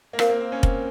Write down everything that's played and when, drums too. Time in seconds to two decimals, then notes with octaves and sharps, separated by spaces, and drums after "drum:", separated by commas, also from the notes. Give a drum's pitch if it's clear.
0.13 A#3
0.19 C4 E4 A#4 F5, drum: rim click
0.29 A#3
0.40 C4
0.52 C#4
0.63 C4, drum: kick F1